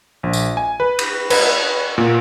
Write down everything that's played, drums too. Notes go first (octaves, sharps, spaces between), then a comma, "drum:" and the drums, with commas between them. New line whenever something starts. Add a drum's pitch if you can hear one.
A#1
drum: tambourine
G#5
B4
drum: cymbal
B4, drum: cymbal
A#2